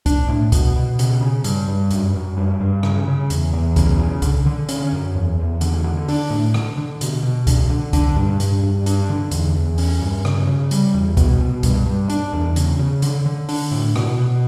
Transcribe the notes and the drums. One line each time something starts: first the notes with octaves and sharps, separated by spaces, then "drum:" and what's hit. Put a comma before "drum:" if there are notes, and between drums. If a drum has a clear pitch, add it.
D4, drum: kick, hi-hat
A2
B2, drum: kick, hi-hat
B2
C#3, drum: hi-hat
C#3
G2, drum: hi-hat
G2
F#2, drum: hi-hat
F#2
G2
G2
C#3, drum: rim click
C#3
E2, drum: hi-hat
E2
C#3, drum: kick, hi-hat
C#3
D3, drum: kick, hi-hat
D3
C#4, drum: hi-hat
F#2
E2
E2
D3, drum: hi-hat
D3
D4, drum: open hi-hat
A2
D3, drum: rim click
D3
B2, drum: hi-hat
B2
D3, drum: kick, hi-hat
D3
D4, drum: kick, hi-hat
G2
G2, drum: hi-hat
G2
D4, drum: hi-hat
D3
E2, drum: hi-hat
E2
C#4, drum: open hi-hat
G2
C#3, drum: rim click
C#3
G3, drum: hi-hat
E2
B2, drum: kick, hi-hat
B2
G2, drum: kick, hi-hat
G2
D4, drum: hi-hat
E2
C#3, drum: hi-hat
C#3
D3, drum: hi-hat
D3
D4, drum: open hi-hat
A2
B2, drum: rim click
B2